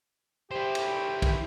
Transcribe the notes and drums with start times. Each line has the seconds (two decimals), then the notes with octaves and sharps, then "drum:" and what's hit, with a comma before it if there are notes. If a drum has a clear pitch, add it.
0.51 E4 G4 C5
0.75 drum: cymbal
1.22 drum: kick, cymbal